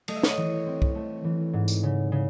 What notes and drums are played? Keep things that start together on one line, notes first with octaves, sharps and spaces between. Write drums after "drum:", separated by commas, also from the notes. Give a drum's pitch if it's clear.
A3 D#5, drum: cymbal
E5
C#5 D#5, drum: snare
E3
C4
drum: kick
A3
E3
G#2
drum: tambourine
C#3
C#3